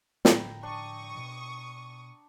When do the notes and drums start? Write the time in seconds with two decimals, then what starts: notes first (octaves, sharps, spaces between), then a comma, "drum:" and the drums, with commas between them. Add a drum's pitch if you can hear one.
0.25 A2 D3 F3 G5 A#5 B5, drum: snare
0.63 D4 C#6 D#6
1.16 B2